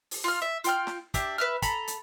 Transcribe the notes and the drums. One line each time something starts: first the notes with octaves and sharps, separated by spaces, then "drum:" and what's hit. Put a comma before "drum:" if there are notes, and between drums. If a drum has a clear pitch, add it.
drum: open hi-hat
F4 F6
E5
F4 G5 F6, drum: hi-hat
drum: snare
D4 G4 E5, drum: kick, hi-hat
B4 E5 F6
A4 A#5 B5, drum: kick, hi-hat
drum: hi-hat